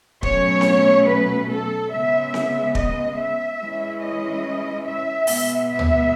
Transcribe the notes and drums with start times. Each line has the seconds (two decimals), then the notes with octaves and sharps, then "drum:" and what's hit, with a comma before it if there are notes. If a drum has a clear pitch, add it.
0.23 B2 F#3 A3 C#4 C#5, drum: kick
0.61 drum: snare C4
1.06 B4
1.49 A4
1.91 C#3 G#3 B3 E5
2.34 drum: snare C4
2.75 D#5, drum: kick
3.16 E5
3.59 E3 G#3 C#4 E4
4.02 D#5
4.85 E5
5.27 B2 G#3 B3, drum: open hi-hat
5.69 E5
5.79 drum: tom